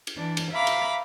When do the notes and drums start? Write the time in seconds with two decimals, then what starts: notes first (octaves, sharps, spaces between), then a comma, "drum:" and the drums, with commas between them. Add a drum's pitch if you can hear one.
0.07 drum: cymbal
0.17 E3 D4
0.37 drum: cymbal
0.52 E5 F5 A#5 B5 D6
0.67 drum: cymbal